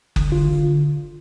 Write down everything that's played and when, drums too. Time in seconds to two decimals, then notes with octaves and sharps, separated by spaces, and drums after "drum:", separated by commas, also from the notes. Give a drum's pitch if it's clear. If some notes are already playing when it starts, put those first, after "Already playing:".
0.16 D3, drum: kick F#1
0.32 F4
0.49 D3